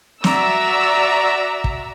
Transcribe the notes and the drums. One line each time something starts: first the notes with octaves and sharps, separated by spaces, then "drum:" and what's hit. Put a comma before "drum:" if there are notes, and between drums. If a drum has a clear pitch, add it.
F#4 D5 E5 A#5 E6, drum: snare
drum: kick